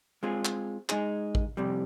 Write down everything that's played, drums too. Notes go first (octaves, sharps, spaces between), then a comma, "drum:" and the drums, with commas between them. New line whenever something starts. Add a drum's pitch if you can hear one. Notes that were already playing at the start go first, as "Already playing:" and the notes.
G#3 C4 F4 G#4
drum: clap
G#3 D#4 G#4, drum: clap
drum: kick A1
F2 C3 G3